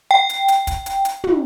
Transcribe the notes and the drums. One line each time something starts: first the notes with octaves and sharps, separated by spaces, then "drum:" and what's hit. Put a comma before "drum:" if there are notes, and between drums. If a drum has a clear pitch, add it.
G5
drum: hi-hat
drum: hi-hat
drum: kick, hi-hat
drum: hi-hat
drum: hi-hat
drum: tom